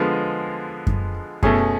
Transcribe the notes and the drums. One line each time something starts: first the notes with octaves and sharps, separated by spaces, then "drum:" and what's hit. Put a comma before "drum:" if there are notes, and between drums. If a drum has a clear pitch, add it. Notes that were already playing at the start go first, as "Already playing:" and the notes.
Already playing: D3 F3 G#3 B3
drum: kick F#2
B2 A3 C#4 G#4, drum: kick F#2